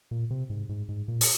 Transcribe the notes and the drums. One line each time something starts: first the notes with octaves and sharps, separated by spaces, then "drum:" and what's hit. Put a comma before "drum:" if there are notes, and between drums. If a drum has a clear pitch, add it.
A#2
C3
G#2
G#2
G#2
A#2
drum: open hi-hat